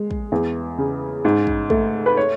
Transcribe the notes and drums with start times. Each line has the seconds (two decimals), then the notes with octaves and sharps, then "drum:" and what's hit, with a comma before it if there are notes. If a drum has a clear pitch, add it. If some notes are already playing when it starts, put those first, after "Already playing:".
Already playing: G#3
0.11 drum: kick
0.32 E2
0.78 C#3
1.25 G#2
1.47 drum: kick
1.70 A3, drum: kick
2.06 B4
2.17 C#5